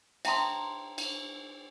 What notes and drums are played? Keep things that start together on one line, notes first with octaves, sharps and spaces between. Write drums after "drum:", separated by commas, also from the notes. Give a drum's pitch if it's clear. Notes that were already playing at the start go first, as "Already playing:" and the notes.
E5 G5 A5 A#5 C6 D#6, drum: cymbal
drum: cymbal